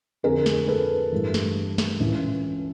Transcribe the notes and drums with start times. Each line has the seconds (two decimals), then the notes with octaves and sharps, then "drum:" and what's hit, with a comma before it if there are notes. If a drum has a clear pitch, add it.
0.23 F2 D3 G#4 A#4
0.46 drum: snare
0.68 A4 B4
1.12 G2 E3
1.34 drum: snare
1.78 drum: snare
2.00 C#2 C#3 E3